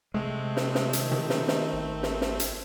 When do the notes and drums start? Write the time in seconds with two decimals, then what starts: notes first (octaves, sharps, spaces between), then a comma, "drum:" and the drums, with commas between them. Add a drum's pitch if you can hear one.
0.14 C3 G#3 A3 C4
0.57 drum: snare
0.75 drum: snare
0.93 D#3, drum: hi-hat
1.11 drum: tom
1.30 drum: snare
1.48 drum: snare
1.73 G#1
2.03 drum: snare
2.21 drum: snare
2.40 drum: hi-hat